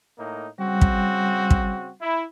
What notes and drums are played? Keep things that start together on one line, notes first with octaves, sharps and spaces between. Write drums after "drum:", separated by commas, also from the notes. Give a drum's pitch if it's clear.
A2 A#3 D#4
C#3 G3 C4 F#4
drum: kick
drum: kick
E4